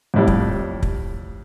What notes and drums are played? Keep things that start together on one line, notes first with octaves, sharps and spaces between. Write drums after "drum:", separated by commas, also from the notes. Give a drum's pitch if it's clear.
F2 A2 G3
drum: kick
drum: kick